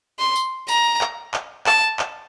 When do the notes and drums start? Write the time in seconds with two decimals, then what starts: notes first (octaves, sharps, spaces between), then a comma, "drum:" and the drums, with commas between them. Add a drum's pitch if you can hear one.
0.19 C6
0.36 drum: tambourine
0.68 A#5, drum: tambourine
1.01 drum: clap
1.34 drum: clap
1.66 A5, drum: clap
1.99 drum: clap